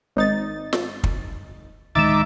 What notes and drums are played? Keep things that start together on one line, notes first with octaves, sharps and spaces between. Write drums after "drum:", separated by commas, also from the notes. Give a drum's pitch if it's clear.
G#1 D#4 A6
drum: snare
drum: kick
D1 D#3 G#3 D#4 E5 D6 A6 E7